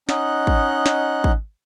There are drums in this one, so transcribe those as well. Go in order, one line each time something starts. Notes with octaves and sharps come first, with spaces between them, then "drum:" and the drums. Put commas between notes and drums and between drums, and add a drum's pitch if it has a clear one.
C#4 D#4 D#5 F#5 F#6, drum: snare
drum: kick
drum: snare
drum: kick